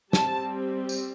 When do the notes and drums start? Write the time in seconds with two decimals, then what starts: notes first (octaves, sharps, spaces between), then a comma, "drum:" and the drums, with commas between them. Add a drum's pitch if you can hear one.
0.13 G3 C4 A5, drum: snare
0.89 drum: tambourine